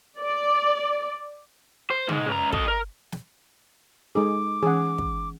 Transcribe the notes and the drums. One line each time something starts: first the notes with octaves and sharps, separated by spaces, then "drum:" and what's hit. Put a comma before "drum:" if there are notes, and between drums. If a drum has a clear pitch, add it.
D5
C5
G#2 G#3, drum: tom
C#2 A#5
A4 D#5, drum: kick
A#4
drum: snare
G#3 D#4 G#4 A4 D6
E3 C#4 G#4 F#5
drum: kick